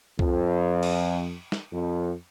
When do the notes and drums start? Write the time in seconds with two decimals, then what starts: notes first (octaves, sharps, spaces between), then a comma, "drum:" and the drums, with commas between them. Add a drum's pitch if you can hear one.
0.19 F2, drum: kick C2
0.83 drum: cymbal
1.52 drum: snare
1.72 F2